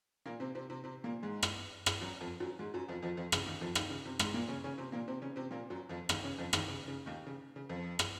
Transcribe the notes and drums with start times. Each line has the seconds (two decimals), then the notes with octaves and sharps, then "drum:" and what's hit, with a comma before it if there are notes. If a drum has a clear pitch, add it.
0.26 A#2 A#3
0.40 C3 C4
0.55 C3 C4
0.70 C3 C4
0.84 C3 C4
1.04 A#2 A#3
1.22 G#2 G#3
1.43 drum: rim click
1.86 drum: rim click
2.01 F#2 F#3
2.21 F2 F3
2.40 F#2 F#3
2.59 G#2 G#3
2.74 F#2 F#3
2.88 F2 F3
3.02 F2 F3
3.17 F2 F3
3.32 C#3, drum: rim click
3.46 D#2 D#3
3.61 F2 F3
3.75 D#2 D#3, drum: rim click
3.90 C#3
4.05 C3
4.19 G#2 G#3, drum: rim click
4.34 A#2 A#3
4.48 C#3 C#4
4.64 C#3 C#4
4.78 C3 C4
4.92 A#2 A#3
5.08 C3 C4
5.22 C#3 C#4
5.36 C3 C4
5.51 A#2 A#3
5.70 F#2 F#3
5.89 F2 F3
6.09 D#2 D#3, drum: rim click
6.23 C#3 C#4
6.38 F2 F3
6.53 D#2 D#3, drum: rim click
6.68 C#3
6.88 C#3
7.06 D#2 D#3
7.27 C#3
7.56 C#3
7.69 F2 F3
7.99 drum: rim click